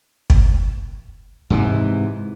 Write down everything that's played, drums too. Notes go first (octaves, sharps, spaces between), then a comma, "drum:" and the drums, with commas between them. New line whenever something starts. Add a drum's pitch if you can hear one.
drum: kick
G#2 C3 D#3 E3